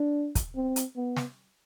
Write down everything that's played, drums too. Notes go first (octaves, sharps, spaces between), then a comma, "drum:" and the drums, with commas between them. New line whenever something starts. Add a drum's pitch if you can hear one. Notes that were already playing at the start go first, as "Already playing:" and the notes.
Already playing: D4
drum: kick, hi-hat
C4
drum: hi-hat
B3
drum: snare